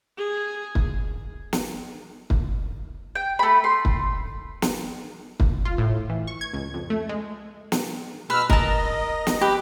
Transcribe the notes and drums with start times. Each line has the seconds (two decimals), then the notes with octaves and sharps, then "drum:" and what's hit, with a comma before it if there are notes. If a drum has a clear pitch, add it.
0.18 G#4
0.75 drum: kick
1.53 drum: snare
2.30 drum: kick
3.15 G5
3.39 A3 B5
3.64 C6
3.85 drum: kick
4.62 drum: snare
5.40 drum: kick
5.65 F4
5.78 A2
6.10 E3
6.27 C#6
6.41 G#6
6.53 C#2
6.74 F2
6.90 A3
7.09 G#3
7.72 drum: snare
8.30 B2 B4 E6 F6
8.50 A#4 D#5 A5, drum: kick
9.27 drum: snare
9.41 G4 B4